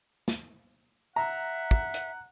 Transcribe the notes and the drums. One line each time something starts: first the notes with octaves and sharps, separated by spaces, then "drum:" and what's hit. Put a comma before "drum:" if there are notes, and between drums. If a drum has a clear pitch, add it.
drum: snare
E5 F#5 A#5
drum: kick
drum: hi-hat